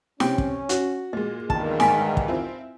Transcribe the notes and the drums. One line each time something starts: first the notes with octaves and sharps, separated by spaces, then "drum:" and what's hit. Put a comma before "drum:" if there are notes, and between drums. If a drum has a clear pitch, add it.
C3 C#4 G5, drum: snare
drum: kick
F#4, drum: hi-hat
A#2 G#3 D#5
E2 G2 D#3 A5, drum: kick
G#2 D#5 G#5 B6, drum: snare
drum: kick
C4 E4 F4